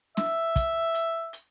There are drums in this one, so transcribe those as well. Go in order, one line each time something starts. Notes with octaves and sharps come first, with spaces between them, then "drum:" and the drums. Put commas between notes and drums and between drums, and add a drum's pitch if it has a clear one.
E5, drum: snare
drum: kick, hi-hat
drum: hi-hat
drum: hi-hat